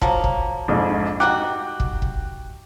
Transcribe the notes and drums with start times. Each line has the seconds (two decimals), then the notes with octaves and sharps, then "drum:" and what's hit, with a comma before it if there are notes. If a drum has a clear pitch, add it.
0.01 F3 F#3 A#3 A5, drum: kick
0.24 drum: kick
0.68 A#1 F2 G#2
1.20 G3 D#4 F#4 G5 D6 F#6
1.80 drum: kick
2.02 drum: kick